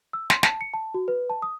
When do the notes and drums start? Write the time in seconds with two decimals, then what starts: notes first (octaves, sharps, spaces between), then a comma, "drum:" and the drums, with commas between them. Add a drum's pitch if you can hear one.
0.13 E6
0.30 C6, drum: snare
0.43 A5, drum: snare
0.61 C#7
0.74 A5
0.94 F#4
1.08 B4
1.30 A5
1.42 D#6